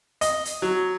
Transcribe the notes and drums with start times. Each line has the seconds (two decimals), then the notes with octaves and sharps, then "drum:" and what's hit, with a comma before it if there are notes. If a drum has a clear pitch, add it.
0.21 D#5, drum: hi-hat
0.45 drum: hi-hat
0.62 F#3